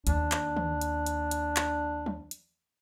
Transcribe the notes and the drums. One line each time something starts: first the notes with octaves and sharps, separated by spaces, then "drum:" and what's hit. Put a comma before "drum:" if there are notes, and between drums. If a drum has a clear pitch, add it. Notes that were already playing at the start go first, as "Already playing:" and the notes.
D#2 D4, drum: hi-hat
drum: clap
drum: tom D#3
drum: hi-hat
drum: hi-hat
drum: hi-hat
drum: clap
drum: tom F3
drum: hi-hat